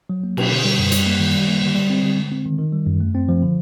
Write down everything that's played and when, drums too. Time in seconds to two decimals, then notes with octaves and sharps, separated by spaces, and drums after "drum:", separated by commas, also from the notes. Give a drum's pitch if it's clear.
0.10 F#3
0.24 A#3
0.37 B2, drum: cymbal
0.51 D3
0.65 G3
0.79 F#2
0.92 G3, drum: hi-hat
1.06 A#3
1.19 D#3
1.34 G3
1.48 A#3
1.62 D3
1.75 G3
1.90 C4
2.03 D3
2.17 G#3
2.31 C4
2.45 D#3
2.59 D#3
2.72 G3
2.86 F#2
3.00 A3
3.15 C4
3.29 F3
3.43 D3